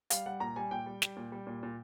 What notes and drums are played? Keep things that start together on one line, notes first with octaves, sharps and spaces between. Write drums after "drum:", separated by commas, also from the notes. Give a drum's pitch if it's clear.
G3 F5, drum: hi-hat
G3 F#5
A#2 A#5
G3 G#5
A#2 G5
G3
G3, drum: snare
A#2
G3
A#2
A#2